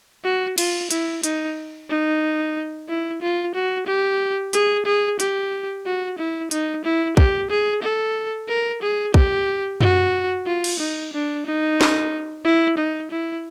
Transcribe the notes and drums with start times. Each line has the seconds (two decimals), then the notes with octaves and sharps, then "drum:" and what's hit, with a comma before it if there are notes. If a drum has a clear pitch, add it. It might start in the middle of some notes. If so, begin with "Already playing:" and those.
0.24 F#4
0.58 F4, drum: cymbal
0.91 E4, drum: hi-hat
1.23 D#4, drum: hi-hat
1.89 D#4
2.88 E4
3.22 F4
3.55 F#4
3.87 G4
4.53 G#4, drum: hi-hat
4.85 G#4
5.20 G4, drum: hi-hat
5.85 F#4
6.18 E4
6.51 D#4, drum: hi-hat
6.84 E4
7.17 G4, drum: kick
7.50 G#4
7.82 A4
8.48 A#4
8.82 G#4
9.14 G4, drum: kick
9.81 F#4, drum: tom F#2
10.46 F4
10.64 drum: cymbal
10.79 D#4
11.13 D4
11.46 D#4
11.81 drum: snare
12.44 E4
12.77 D#4
13.11 E4